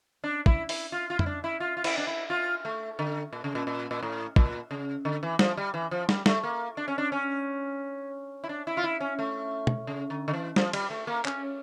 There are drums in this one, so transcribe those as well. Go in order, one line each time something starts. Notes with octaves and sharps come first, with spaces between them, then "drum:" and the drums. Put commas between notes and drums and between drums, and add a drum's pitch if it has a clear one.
D4
E4, drum: kick
E4, drum: open hi-hat
F4
F4
E4, drum: tom F2
D4
E4
F4
F4
E4, drum: cymbal
D4
E4
F4
A3
D3
A#2
C#3
A#2
A#2
A#2
A2
A#2, drum: kick
C#3
D3
E3
F3, drum: snare
G3
E3
F3
G3, drum: snare
A3, drum: snare
A#3
D4
C#4
D4
C#4
E4
D4
E4
F4
E4
C#4
A3
drum: tom
C#3
D3
D3
E3
F3, drum: snare
G3, drum: cymbal
A3
A#3
C#4, drum: clap